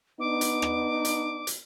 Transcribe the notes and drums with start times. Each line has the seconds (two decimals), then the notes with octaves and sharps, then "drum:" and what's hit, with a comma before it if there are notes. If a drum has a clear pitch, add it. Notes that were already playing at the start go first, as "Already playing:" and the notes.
0.20 B3 D4 D#4 D6
0.41 drum: hi-hat
0.62 drum: rim click
1.05 drum: hi-hat
1.47 drum: hi-hat